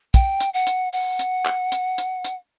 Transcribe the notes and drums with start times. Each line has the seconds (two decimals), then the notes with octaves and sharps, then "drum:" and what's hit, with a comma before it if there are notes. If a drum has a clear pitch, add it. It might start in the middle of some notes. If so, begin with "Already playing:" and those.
0.14 G5, drum: kick, hi-hat
0.40 drum: hi-hat
0.54 F#5
0.67 drum: hi-hat
0.93 F#5, drum: open hi-hat
1.19 drum: hi-hat
1.46 drum: clap
1.72 drum: hi-hat
1.98 drum: hi-hat
2.25 drum: hi-hat